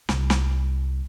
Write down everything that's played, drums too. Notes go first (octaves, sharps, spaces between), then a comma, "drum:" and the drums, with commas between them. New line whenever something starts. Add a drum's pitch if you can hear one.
C2, drum: snare
drum: snare